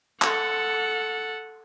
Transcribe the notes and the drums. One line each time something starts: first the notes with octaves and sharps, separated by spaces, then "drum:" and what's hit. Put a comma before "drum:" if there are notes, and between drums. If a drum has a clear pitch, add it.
A4 F#5, drum: clap